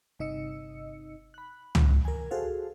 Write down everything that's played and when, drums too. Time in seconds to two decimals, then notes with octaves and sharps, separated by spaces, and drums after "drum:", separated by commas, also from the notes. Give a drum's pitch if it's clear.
0.19 G1 C3 D#4 D#5 E6 C#7
1.34 B5 F#6
1.75 drum: tom
2.05 A#4 G#5
2.31 F#4 G#4 A4 C5 F5